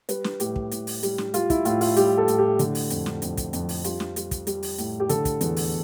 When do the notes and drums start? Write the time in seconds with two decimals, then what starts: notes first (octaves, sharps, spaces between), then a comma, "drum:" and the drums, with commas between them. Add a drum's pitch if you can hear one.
0.09 G3 B4, drum: hi-hat
0.24 drum: snare
0.40 A2 G4, drum: hi-hat
0.56 drum: kick
0.71 A2, drum: hi-hat
0.87 drum: open hi-hat
1.03 G3, drum: hi-hat
1.18 drum: snare
1.34 G3 F4, drum: hi-hat
1.50 E4, drum: kick, hi-hat
1.65 A2 F4, drum: hi-hat
1.81 F4, drum: open hi-hat
1.96 G3 G4, drum: hi-hat
2.18 A4
2.28 A2, drum: hi-hat
2.38 G4
2.59 D3, drum: hi-hat
2.75 drum: open hi-hat
2.90 F2, drum: hi-hat
3.06 drum: snare
3.22 F2, drum: hi-hat
3.37 drum: kick, hi-hat
3.53 F2, drum: hi-hat
3.69 drum: open hi-hat
3.84 G3 F4, drum: hi-hat
4.00 drum: snare
4.16 G3, drum: hi-hat
4.31 drum: kick, hi-hat
4.47 G3, drum: hi-hat
4.63 drum: open hi-hat
4.78 A2, drum: hi-hat
5.00 G4
5.09 D3 A4, drum: hi-hat
5.25 drum: kick, hi-hat
5.41 E2, drum: hi-hat
5.56 drum: open hi-hat